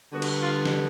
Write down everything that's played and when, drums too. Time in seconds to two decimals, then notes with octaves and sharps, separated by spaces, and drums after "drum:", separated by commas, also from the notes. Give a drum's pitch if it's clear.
0.12 D3 G3 B3 F#4
0.22 drum: cymbal
0.41 F4
0.65 drum: snare